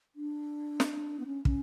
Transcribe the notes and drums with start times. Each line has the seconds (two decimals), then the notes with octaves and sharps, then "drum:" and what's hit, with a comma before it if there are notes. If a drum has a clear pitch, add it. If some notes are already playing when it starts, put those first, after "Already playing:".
0.16 D4
0.80 drum: snare
1.20 B3
1.26 C#4
1.45 C#4, drum: kick